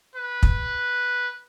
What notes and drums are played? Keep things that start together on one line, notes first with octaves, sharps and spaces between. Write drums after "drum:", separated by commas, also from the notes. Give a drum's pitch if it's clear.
B4
drum: kick